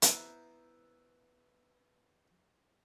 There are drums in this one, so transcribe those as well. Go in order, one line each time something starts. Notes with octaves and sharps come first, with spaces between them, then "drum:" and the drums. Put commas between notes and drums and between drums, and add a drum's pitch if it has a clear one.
B3 E4 C5 F#5 A#5, drum: hi-hat